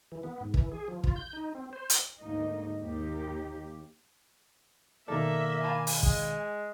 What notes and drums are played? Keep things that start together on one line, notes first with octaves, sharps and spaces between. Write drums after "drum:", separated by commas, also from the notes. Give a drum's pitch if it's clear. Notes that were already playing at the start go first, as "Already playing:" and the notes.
E3
B3
G#2
E3, drum: kick
G#4
F3
F4, drum: kick
G6
D#4
C4
C5
drum: hi-hat
D2 G#2 A#3 D#4 D#5
D#2 A#3 D#4 G4
B2 D#3 A#3 A4 A#4 D5 E5
F5 G#5 A5 B5
drum: open hi-hat
G#3, drum: kick